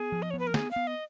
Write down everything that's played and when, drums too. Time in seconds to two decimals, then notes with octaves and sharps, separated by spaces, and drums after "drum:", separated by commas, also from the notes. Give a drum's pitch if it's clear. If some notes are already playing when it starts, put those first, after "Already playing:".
Already playing: B3 G#4
0.12 F3
0.22 D#5
0.30 C#5
0.34 B3
0.39 B4
0.47 A#4
0.54 B3 G#4, drum: snare
0.71 F5
0.76 B3
0.87 D#5